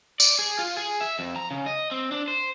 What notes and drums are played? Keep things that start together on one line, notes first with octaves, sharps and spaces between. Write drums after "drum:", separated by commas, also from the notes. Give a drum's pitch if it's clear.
D5, drum: tambourine
G#4
F4
G#4
E5
F2
A#5
C#3
D#5
C4
D4
C5